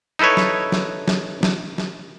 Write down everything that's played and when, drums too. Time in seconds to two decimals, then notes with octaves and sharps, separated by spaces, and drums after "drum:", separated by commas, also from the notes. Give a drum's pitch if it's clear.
0.19 D#4 E4 A4 B4 C#5
0.37 drum: snare F#3
0.72 drum: snare F#3
1.08 drum: snare F#3
1.43 drum: snare F#3
1.78 drum: snare F#3